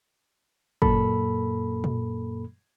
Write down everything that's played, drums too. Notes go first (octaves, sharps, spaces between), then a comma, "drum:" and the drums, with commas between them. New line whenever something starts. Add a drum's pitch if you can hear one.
F#2 A#2 A#3 A4 B5, drum: kick
drum: tom A#2